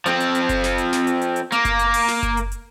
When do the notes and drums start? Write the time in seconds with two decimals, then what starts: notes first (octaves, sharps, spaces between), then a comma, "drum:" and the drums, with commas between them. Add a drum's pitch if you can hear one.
0.06 F3 C4, drum: hi-hat
0.20 drum: hi-hat
0.35 drum: hi-hat
0.49 drum: kick F#1, hi-hat
0.64 drum: snare
0.78 drum: hi-hat
0.93 drum: snare
1.07 drum: hi-hat
1.21 drum: hi-hat
1.36 drum: hi-hat
1.52 A#3, drum: hi-hat
1.65 drum: kick F#1, hi-hat
1.79 drum: hi-hat
1.94 drum: open hi-hat
2.08 drum: snare
2.23 drum: kick F#1, hi-hat
2.37 drum: hi-hat
2.52 drum: hi-hat